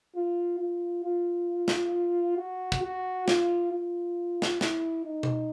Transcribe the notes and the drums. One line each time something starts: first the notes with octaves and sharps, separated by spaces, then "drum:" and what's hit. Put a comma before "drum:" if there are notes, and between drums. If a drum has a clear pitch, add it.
F4
F4
F4
drum: snare
F#4
drum: kick
F#4
F4, drum: snare
F4
drum: snare
E4, drum: snare
D#4
drum: tom B2